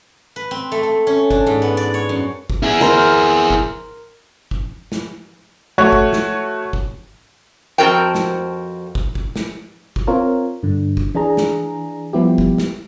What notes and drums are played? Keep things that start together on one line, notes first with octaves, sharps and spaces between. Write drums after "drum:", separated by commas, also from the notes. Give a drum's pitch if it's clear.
B4
C4
A3
A3
C#4
D4, drum: kick
G#2
B3
D5
C#5
F#2
drum: kick
E4 G#4
A#4 C5 A#5
drum: kick
drum: kick
drum: snare
A3 F#4 C#5
drum: kick
drum: snare
drum: kick
F2 F#4 A#4 C5 G5
drum: snare
drum: kick
drum: kick
drum: snare
drum: kick
C4 F4 A#4 C#5
G2 D3
drum: kick
E3 D4 G#4 A#5
drum: snare
F3 G3 B3 E4 G4
drum: kick
drum: snare